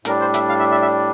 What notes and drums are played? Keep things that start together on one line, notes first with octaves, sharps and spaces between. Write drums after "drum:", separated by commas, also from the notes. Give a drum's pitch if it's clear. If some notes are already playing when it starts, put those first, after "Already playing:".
A2 G3 D4 A#4, drum: hi-hat
C5
E5, drum: hi-hat
F5
E5
E5
E5